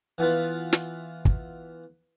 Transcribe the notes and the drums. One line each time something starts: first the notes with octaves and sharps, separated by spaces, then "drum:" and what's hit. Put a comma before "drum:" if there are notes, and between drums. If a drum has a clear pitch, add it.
E3 B3 F4 B4
drum: snare
drum: kick